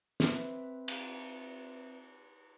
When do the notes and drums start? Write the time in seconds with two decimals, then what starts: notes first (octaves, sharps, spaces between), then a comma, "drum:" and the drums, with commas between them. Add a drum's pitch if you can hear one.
0.20 C4 B4 C5 E5, drum: snare
0.88 drum: cymbal